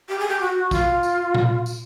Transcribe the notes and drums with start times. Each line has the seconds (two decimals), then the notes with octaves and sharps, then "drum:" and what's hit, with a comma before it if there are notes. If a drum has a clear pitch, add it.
0.08 G4
0.19 G#4
0.28 G4
0.40 F#4
0.71 F4, drum: kick A#1, tambourine
1.03 drum: tambourine
1.34 drum: tom A#2
1.66 drum: tambourine